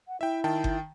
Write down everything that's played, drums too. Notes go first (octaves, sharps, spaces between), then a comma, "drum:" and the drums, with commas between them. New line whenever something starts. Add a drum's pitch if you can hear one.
F#5
E4 E5 G5
D#3 G5 A5
drum: kick G1